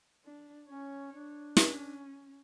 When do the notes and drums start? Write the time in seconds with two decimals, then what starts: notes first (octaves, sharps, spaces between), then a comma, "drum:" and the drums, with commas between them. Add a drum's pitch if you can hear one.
0.25 D4
0.69 C#4 C#5
1.13 D4
1.57 C#4, drum: snare